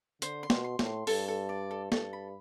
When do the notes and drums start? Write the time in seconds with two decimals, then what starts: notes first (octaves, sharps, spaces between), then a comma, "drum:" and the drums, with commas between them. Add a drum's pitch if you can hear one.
0.22 D3 C5, drum: hi-hat
0.43 C6
0.50 B2, drum: snare
0.64 C6
0.79 A2, drum: snare
0.86 C6
1.07 G2 A4, drum: open hi-hat
1.28 A4
1.49 D5
1.71 A4
1.92 G2 A4, drum: snare
2.13 B5